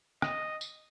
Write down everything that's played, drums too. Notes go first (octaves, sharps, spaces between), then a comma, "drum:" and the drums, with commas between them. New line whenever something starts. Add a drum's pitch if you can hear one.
D#5, drum: rim click
drum: tambourine